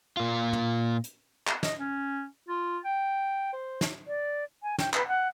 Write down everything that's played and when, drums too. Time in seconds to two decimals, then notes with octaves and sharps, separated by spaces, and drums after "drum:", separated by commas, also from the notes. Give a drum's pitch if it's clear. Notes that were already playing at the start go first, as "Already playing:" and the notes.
0.17 A#2 F4
0.53 drum: tom
1.04 drum: hi-hat
1.47 drum: clap
1.63 D#5, drum: snare
1.79 C#4
2.49 F4
2.85 G5
3.53 C5
3.81 drum: snare
4.07 D5
4.63 G#5
4.78 G5, drum: snare
4.94 B4, drum: clap
5.08 F#5